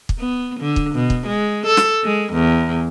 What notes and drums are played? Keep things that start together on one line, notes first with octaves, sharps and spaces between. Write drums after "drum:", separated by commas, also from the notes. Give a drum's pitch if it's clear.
drum: kick
B3
D3
drum: kick
B2
drum: kick
G#3
A4
drum: snare
G#3
E2